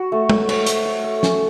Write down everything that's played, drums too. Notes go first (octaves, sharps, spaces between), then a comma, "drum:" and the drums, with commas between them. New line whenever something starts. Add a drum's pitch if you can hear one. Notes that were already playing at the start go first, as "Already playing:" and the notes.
Already playing: F#4
A3
C#5, drum: tom
C#5, drum: cymbal
C#5, drum: hi-hat
C#5
A4
C#4, drum: snare